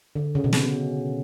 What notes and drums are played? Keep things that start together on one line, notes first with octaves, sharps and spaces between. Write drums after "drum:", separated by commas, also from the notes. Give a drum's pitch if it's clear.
D3
C#3
B2
C#3, drum: snare